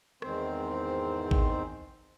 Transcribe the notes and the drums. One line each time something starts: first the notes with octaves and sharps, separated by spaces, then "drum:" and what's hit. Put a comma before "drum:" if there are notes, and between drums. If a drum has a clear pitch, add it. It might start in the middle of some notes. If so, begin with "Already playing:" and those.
E2 G#2 D#3 C4 C5, drum: rim click
drum: kick A1